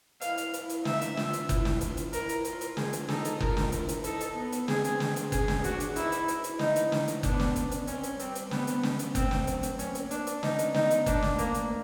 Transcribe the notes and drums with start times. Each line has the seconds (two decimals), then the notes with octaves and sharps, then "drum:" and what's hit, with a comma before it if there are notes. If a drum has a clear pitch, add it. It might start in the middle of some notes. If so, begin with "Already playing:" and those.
0.21 E4 F5, drum: hi-hat
0.38 drum: hi-hat
0.54 E4, drum: hi-hat
0.69 drum: hi-hat
0.85 D#4 E5, drum: snare
1.01 drum: hi-hat
1.17 F4, drum: snare
1.33 drum: hi-hat
1.49 E4, drum: kick F#1, hi-hat
1.65 drum: snare
1.81 F4, drum: hi-hat
1.97 drum: hi-hat
2.13 E4 A#4, drum: hi-hat
2.29 drum: hi-hat
2.45 F4, drum: hi-hat
2.61 drum: hi-hat
2.77 G#4, drum: snare
2.93 drum: hi-hat
3.08 D#4 A4, drum: snare
3.25 drum: hi-hat
3.40 F4 A#4, drum: kick F#1
3.57 drum: snare
3.72 E4, drum: hi-hat
3.89 drum: hi-hat
4.04 D#4 A4, drum: hi-hat
4.20 drum: hi-hat
4.37 B3
4.52 drum: hi-hat
4.68 C4 G#4, drum: snare
4.84 drum: hi-hat
5.00 drum: snare
5.16 drum: hi-hat
5.32 C#4 G#4, drum: kick F#1, hi-hat
5.48 drum: snare
5.64 D4 F#4, drum: hi-hat
5.80 drum: hi-hat
5.96 D#4 E4, drum: hi-hat
6.12 drum: hi-hat
6.28 E4, drum: hi-hat
6.44 drum: hi-hat
6.59 D#4 E4, drum: snare
6.76 drum: hi-hat
6.92 D#4, drum: snare
7.08 drum: hi-hat
7.23 B3 D4, drum: kick F#1, hi-hat
7.40 drum: snare
7.56 C#4, drum: hi-hat
7.71 drum: hi-hat
7.87 C4 C#4, drum: hi-hat
8.03 drum: hi-hat
8.19 G3 C4, drum: hi-hat
8.35 drum: hi-hat
8.51 G3 B3, drum: snare
8.67 drum: hi-hat
8.83 C#4, drum: snare
8.99 drum: hi-hat
9.15 A3 C4, drum: kick F#1, hi-hat
9.31 drum: snare
9.47 F#3, drum: hi-hat
9.63 drum: hi-hat
9.79 A#3 C#4, drum: hi-hat
9.95 drum: hi-hat
10.11 D4, drum: hi-hat
10.27 drum: hi-hat
10.43 C#4 D#4, drum: snare
10.59 drum: hi-hat
10.74 B3 D#4, drum: snare
10.91 drum: hi-hat
11.06 A3 D4, drum: kick F#1, hi-hat
11.22 drum: snare
11.38 A#3, drum: hi-hat
11.54 drum: hi-hat